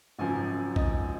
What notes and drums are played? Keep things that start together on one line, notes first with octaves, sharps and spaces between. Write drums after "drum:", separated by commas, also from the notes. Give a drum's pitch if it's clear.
G#1 F#2 C#3 F3 G#5
D#5, drum: kick